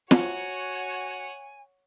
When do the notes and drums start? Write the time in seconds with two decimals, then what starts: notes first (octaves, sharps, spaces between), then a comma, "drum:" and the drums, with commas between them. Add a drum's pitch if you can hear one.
0.11 F#4 C#5 F#5 G#5, drum: snare